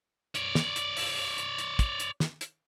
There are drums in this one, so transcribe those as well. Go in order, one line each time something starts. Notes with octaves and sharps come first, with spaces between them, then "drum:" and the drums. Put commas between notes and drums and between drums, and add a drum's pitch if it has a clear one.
C#5 D5, drum: hi-hat
drum: snare
drum: hi-hat
drum: open hi-hat
drum: hi-hat
drum: hi-hat
drum: kick, hi-hat
drum: hi-hat
drum: snare
drum: hi-hat